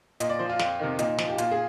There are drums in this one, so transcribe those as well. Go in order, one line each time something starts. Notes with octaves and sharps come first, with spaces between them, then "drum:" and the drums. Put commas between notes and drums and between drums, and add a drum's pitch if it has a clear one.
A#2 D#5, drum: hi-hat
D5
F3 C5
F4
F2, drum: snare
C3 D#3
A#2 D#4, drum: hi-hat
F3, drum: snare
G4
A#2 F4, drum: hi-hat
G#4